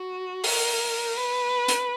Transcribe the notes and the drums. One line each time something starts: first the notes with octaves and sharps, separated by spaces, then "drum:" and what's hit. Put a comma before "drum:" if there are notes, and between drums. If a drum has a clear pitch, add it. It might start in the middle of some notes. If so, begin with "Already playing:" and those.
Already playing: F#4
A#4, drum: open hi-hat
B4
drum: hi-hat